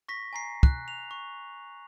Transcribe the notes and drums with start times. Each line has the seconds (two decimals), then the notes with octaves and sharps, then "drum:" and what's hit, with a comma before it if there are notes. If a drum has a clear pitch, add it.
0.08 C#6 A#6 B6
0.33 G#5 A#5 C7
0.63 F#6, drum: kick
0.88 F7
1.11 C#6